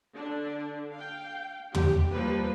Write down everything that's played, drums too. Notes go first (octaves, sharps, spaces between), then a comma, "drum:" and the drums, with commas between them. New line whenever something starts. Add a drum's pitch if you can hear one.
D3 D4
F5 G5
G4, drum: tom
F3 G3 A#3 B4